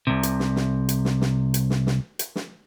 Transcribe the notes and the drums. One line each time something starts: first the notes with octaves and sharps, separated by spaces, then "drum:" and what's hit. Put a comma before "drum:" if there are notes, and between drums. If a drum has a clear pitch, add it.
C2 C3
drum: hi-hat
drum: snare
drum: snare
drum: hi-hat
drum: snare
drum: snare
drum: hi-hat
drum: snare
drum: snare
drum: hi-hat
drum: snare